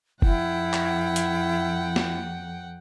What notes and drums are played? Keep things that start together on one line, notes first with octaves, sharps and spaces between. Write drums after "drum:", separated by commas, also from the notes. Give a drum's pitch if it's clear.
F2 E4 F#5 G5, drum: kick F#1
drum: clap
drum: hi-hat
drum: snare